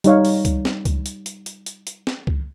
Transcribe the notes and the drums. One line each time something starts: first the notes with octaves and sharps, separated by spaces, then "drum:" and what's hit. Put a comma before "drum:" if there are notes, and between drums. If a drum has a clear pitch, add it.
G3 D#4 C#5 F5, drum: hi-hat
drum: open hi-hat
drum: kick C#2, hi-hat
drum: snare
drum: kick C#2, hi-hat
drum: hi-hat
drum: hi-hat
drum: hi-hat
drum: hi-hat
drum: hi-hat
drum: snare
drum: kick C#2